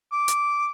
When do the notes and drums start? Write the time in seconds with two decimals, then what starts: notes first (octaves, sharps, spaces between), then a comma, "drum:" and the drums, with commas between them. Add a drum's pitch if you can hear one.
0.12 D6
0.28 drum: hi-hat